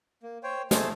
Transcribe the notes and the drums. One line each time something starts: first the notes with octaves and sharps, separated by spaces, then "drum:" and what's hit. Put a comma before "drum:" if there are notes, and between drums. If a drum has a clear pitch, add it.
A#3
C5 C#5 G5
A3 G#4 C5 A5, drum: snare